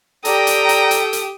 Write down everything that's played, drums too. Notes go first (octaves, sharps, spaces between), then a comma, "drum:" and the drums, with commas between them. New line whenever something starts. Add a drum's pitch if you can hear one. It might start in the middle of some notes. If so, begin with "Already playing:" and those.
G4 A4 D5 G5 A#5 D#6, drum: hi-hat
drum: hi-hat
drum: hi-hat
drum: hi-hat
drum: hi-hat